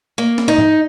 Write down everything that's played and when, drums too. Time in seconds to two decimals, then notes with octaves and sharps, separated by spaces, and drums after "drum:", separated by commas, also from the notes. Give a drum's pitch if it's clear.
0.18 A#3
0.38 drum: snare
0.48 D#4
0.58 drum: tom G#2